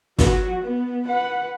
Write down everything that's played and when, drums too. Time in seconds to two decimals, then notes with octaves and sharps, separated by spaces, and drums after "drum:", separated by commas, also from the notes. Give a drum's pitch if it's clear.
0.19 F#3 F#4, drum: snare
0.63 B3
1.07 B4 F#5